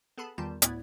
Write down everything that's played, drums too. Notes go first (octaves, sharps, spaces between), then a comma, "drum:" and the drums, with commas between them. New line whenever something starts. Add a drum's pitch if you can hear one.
B3 G#4 A4 A5 B5
E2 D#3 G3 F4 A5 G6
D2 A2 B3 E4 D5 G#6, drum: hi-hat